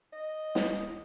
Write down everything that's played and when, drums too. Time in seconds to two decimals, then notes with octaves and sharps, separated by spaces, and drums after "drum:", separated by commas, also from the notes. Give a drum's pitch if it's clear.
0.12 D#5
0.55 drum: snare